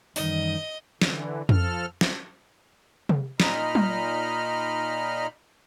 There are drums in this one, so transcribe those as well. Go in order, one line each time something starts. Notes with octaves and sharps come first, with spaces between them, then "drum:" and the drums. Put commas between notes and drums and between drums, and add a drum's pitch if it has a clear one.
F#2 D#3 E3 G3 D#4 D#5, drum: open hi-hat
D3 E3, drum: snare
F3 A4 F6, drum: tom F2
drum: snare
drum: tom C3
A#2 D#4 D#5 B5 F6, drum: snare
drum: tom F#3